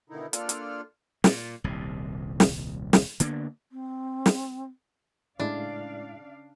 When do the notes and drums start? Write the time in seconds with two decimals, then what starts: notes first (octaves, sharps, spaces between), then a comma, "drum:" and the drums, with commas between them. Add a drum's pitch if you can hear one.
0.10 B2 D3 D#3 D#4 E4
0.33 A#3 D4 F4 A4 D5 F6, drum: hi-hat
0.49 drum: hi-hat
1.24 A#2, drum: snare
1.64 D#1 C2 C3
2.40 drum: snare
2.93 drum: snare
3.20 D3 A#3 B3 D4, drum: hi-hat
3.72 C4
4.26 drum: snare
5.40 A2 C#3 G#3 D4 E4 D5 F5